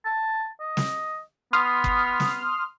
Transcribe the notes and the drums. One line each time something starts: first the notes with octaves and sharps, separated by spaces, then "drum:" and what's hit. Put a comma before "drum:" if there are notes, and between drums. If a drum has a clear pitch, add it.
A5
D#5
drum: snare
B3 C6 D#6 F6
drum: kick
drum: snare